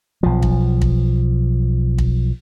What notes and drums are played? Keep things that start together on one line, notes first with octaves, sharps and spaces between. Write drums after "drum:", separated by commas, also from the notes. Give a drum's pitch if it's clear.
B1 F3
drum: kick
drum: kick
drum: kick